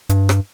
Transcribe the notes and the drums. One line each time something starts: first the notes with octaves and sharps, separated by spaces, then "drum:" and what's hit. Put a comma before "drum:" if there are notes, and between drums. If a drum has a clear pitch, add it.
G2, drum: hi-hat
drum: rim click